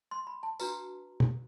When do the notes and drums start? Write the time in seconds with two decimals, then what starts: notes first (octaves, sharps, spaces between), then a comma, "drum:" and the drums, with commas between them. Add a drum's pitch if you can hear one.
0.11 C6
0.27 B5
0.43 A5
0.60 D4 F#4 B4 A#5, drum: tambourine
1.20 drum: tom